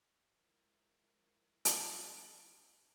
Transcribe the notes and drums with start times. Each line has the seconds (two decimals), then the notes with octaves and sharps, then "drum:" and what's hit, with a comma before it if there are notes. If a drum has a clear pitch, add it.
0.23 F3 G#3 E4 A#4
1.65 drum: hi-hat